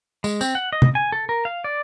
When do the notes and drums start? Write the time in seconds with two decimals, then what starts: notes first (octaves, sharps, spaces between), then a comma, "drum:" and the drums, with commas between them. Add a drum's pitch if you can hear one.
0.24 G#3, drum: tambourine
0.41 C4, drum: tambourine
0.55 F#5
0.73 D#5
0.82 drum: tom
0.95 G#5
1.12 A4
1.29 A#4
1.45 F5
1.64 D5